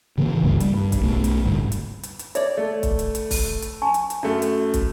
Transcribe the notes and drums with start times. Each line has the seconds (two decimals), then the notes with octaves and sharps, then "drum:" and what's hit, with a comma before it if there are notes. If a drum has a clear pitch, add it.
0.18 A2 C#3 E3 A#3
0.43 G1 C#2 G2 A3
0.60 G3, drum: hi-hat
0.76 G2
0.92 drum: kick, hi-hat
1.03 B1 A3
1.24 drum: hi-hat
1.45 F#1 D2 G#2 G3
1.72 drum: hi-hat
2.03 drum: hi-hat
2.19 drum: hi-hat
2.35 C#5 D5 E5, drum: hi-hat
2.57 A3 D#5
2.83 drum: kick, hi-hat
2.99 drum: hi-hat
3.15 drum: hi-hat
3.31 drum: kick, open hi-hat
3.62 drum: hi-hat
3.82 G#5 A5 C#6
3.94 drum: hi-hat
4.10 drum: hi-hat
4.23 F#2 A3
4.42 drum: hi-hat
4.74 drum: kick, hi-hat